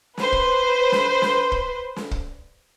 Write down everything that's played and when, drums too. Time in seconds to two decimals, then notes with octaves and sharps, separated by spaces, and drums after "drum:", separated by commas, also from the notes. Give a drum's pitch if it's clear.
0.17 B4 C5, drum: snare
0.32 drum: kick
0.92 drum: snare
1.22 drum: snare
1.52 drum: kick
1.96 drum: snare
2.11 drum: kick